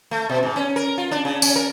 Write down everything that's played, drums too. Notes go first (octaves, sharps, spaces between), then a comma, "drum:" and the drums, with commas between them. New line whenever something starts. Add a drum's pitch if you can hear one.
A3
B2
G#2
C#4
A#4
F4
D4
C#3
C#4, drum: tambourine
A#4